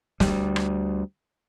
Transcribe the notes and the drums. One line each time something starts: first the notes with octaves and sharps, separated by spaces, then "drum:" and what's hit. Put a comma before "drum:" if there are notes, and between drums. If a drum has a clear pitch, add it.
D2 G3, drum: snare
drum: rim click